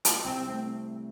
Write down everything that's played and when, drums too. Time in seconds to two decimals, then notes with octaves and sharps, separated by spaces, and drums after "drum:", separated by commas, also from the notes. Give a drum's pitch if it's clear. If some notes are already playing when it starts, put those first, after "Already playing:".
0.05 drum: hi-hat
0.24 C2 C4
0.36 C4
0.48 A3 C4